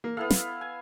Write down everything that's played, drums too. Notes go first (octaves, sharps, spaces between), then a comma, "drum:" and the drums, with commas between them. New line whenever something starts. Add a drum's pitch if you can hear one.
A#3
B3 E4 A4 F5
drum: snare
G#5